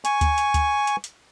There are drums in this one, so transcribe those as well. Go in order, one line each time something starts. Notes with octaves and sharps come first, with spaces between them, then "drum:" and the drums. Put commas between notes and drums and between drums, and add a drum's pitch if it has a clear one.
G#5 C#6, drum: hi-hat
drum: kick D2, hi-hat
drum: hi-hat
drum: kick D2, hi-hat
drum: hi-hat
drum: hi-hat